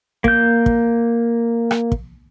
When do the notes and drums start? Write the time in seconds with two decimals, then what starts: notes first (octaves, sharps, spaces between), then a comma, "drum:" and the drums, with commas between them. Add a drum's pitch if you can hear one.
0.24 A#3 G6, drum: kick
0.66 drum: kick
1.71 drum: rim click
1.92 drum: kick